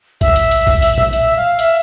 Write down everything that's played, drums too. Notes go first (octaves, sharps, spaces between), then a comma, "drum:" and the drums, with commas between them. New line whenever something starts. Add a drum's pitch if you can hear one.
E5, drum: kick A#1, hi-hat
drum: hi-hat
drum: hi-hat
drum: kick A#1, open hi-hat
drum: open hi-hat
drum: tom
E5, drum: hi-hat
F5
E5, drum: hi-hat